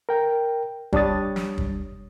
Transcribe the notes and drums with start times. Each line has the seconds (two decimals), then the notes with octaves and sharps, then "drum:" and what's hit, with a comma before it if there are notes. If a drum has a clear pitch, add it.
0.09 A#4 G5
0.93 G3 D4 C#5 D#6 A6, drum: kick
1.36 drum: snare
1.58 drum: kick